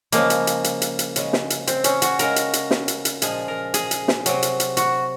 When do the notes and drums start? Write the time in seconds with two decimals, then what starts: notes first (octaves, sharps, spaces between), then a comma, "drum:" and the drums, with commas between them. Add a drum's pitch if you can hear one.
0.12 C#3 F3 G#3 A#3, drum: hi-hat
0.30 drum: hi-hat
0.47 drum: hi-hat
0.64 drum: hi-hat
0.82 drum: hi-hat
0.99 drum: hi-hat
1.16 C#3 G#3, drum: hi-hat
1.33 drum: snare
1.50 drum: hi-hat
1.67 C4, drum: hi-hat
1.84 C#4, drum: hi-hat
2.02 F#4, drum: hi-hat
2.19 C#3 G#3 A#4, drum: hi-hat
2.36 drum: hi-hat
2.53 drum: hi-hat
2.71 drum: snare
2.88 drum: hi-hat
3.05 drum: hi-hat
3.22 A#2 F3 G#3 G#4, drum: hi-hat
3.48 A#4
3.74 G#4, drum: hi-hat
3.91 drum: hi-hat
4.08 drum: snare
4.26 C3 F#3, drum: hi-hat
4.43 drum: hi-hat
4.60 drum: hi-hat
4.77 F#4, drum: hi-hat